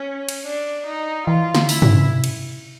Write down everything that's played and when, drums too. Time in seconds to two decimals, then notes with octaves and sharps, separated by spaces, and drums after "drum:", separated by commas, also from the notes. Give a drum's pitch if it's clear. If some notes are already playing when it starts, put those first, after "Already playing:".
Already playing: C#4
0.29 drum: cymbal
0.46 D4
0.86 D#4
1.27 E3 F4
1.55 D3, drum: snare
1.69 E4, drum: open hi-hat
1.82 C#3, drum: tom G2
2.09 C3
2.24 drum: cymbal